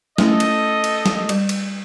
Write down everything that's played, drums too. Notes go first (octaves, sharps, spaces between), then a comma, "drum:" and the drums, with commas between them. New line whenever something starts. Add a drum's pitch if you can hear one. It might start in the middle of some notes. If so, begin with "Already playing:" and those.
A3 C#4 E4 A4 D#5, drum: snare
drum: cymbal
drum: cymbal
drum: snare
G3, drum: cymbal
drum: cymbal